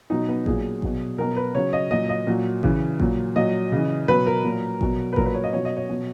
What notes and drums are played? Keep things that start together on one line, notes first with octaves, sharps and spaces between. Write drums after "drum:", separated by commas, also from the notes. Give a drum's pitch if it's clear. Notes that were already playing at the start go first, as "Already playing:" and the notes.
B2 F#3 D#4
B3
A#2 F#3 G#4, drum: kick A1
B2 F#3, drum: kick A1
B2 F#3 A#4
B4
C#3 F#3 C#5
D#5
A#2 F#3 D#5
D#5
A#2 F#3
C#3 E3, drum: kick A1
A#2 F#3, drum: kick A1
A#2 F#3 D#5
C#3 E3
B2 F#3 B4
A#4
A#2 F#3
B2 F#3, drum: kick A1
B4
A#2 F#3 A#4, drum: kick A1
B4
C#5
D#5
B2 F#3 C#5
D#5
C#5
B2 F#3